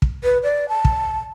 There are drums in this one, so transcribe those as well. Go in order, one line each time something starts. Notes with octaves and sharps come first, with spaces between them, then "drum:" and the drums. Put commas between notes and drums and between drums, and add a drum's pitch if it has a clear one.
drum: kick
B4
D5
A5
drum: kick